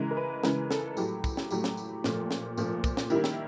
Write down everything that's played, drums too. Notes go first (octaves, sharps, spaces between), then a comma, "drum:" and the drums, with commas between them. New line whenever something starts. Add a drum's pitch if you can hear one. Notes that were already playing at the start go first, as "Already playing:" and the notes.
Already playing: C#3 E3 G#3 A#4
A#4
B4
C#3 E3 G#3 A#4, drum: snare
A4, drum: snare
A2 F#3 A3 G4, drum: tambourine
drum: kick, tambourine
drum: snare
A2 F#3 A3 G4, drum: tambourine
drum: snare
drum: tambourine
A#2 F3 A3, drum: snare
drum: snare
A#2 F3 A3, drum: tambourine
drum: kick, tambourine
drum: snare
D#3 G3 A#3 E4, drum: tambourine
drum: snare